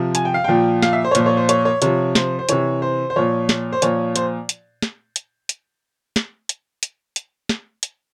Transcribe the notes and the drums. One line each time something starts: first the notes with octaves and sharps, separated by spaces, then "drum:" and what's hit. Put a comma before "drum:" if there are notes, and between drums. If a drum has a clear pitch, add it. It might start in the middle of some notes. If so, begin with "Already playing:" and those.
Already playing: C3 F3
G#5, drum: hi-hat
G5
F5
A#2 F3 G5
F5, drum: snare
E5
C5
C#5
A#2 F3 C5, drum: hi-hat
C#5
C5
C#5, drum: hi-hat
C#5
C3 F3 C#5, drum: hi-hat
C5, drum: snare
C5
C3 E3 C#5, drum: hi-hat
C5
C5
A#2 F3 C#5
drum: snare
C5
A#2 F3 C#5, drum: hi-hat
C5, drum: hi-hat
drum: hi-hat
drum: snare
drum: hi-hat
drum: hi-hat
drum: snare
drum: hi-hat
drum: hi-hat
drum: hi-hat
drum: snare
drum: hi-hat